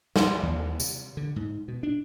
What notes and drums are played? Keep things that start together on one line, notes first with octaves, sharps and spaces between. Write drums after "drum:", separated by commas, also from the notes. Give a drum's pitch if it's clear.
F3, drum: snare
D#2
C3, drum: tambourine
D3
G#2
B2
D4